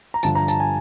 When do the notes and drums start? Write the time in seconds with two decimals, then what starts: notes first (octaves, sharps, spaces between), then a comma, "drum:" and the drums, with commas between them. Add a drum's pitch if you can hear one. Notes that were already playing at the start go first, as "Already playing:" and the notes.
0.14 A#5
0.23 G2 D3 F3 A5, drum: tambourine
0.35 A#5
0.48 A5, drum: tambourine
0.60 G#5